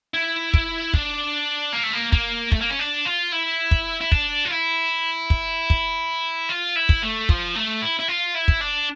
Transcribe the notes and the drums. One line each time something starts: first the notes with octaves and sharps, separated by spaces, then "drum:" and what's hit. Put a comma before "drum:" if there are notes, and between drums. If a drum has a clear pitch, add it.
E4
drum: kick
D4, drum: kick
A#3
A3
A#3
A#3, drum: kick
A3, drum: kick
A#3
C#4
D4
F4
E4
drum: kick
E4
D4, drum: kick
F4
E4
drum: kick
drum: kick
F4
E4
drum: kick
A3
F3, drum: kick
A3
E4
E4
F4
E4
drum: kick
D4